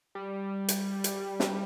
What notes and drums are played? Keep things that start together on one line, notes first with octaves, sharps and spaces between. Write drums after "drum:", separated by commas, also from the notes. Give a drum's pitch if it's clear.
G3
drum: hi-hat
drum: hi-hat
drum: snare